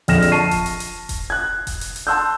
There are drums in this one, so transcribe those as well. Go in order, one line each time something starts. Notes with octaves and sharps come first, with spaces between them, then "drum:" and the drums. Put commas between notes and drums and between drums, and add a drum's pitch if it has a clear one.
A#1 F2 F6 A#6 E7, drum: hi-hat
drum: hi-hat
A5 C#6 C7 D#7
drum: kick E1, hi-hat
drum: hi-hat
drum: hi-hat
drum: kick E1, hi-hat
F#6 G#6
drum: kick E1, hi-hat
drum: hi-hat
drum: hi-hat
A5 C6 E6 F#6 G6